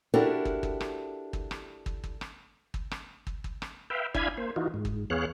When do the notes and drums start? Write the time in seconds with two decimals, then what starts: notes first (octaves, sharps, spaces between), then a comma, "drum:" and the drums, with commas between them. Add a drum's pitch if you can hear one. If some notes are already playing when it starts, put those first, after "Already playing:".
0.14 D4 E4 F#4 G4 A4 A#4
0.45 drum: kick
0.63 drum: kick
0.81 drum: rim click
1.33 drum: kick
1.51 drum: rim click
1.86 drum: kick
2.04 drum: kick
2.21 drum: rim click
2.74 drum: kick
2.91 drum: rim click
3.27 drum: kick
3.44 drum: kick
3.62 drum: rim click
3.90 B4 E5 F5 G5
4.15 D4 E4 F5 G#5 B5 G#6, drum: kick
4.37 A#3 C5
4.56 E3 D#4 F4 F#4
4.74 G#2
4.85 drum: kick
5.10 E2 B3 G#4 C#5 F5 F#6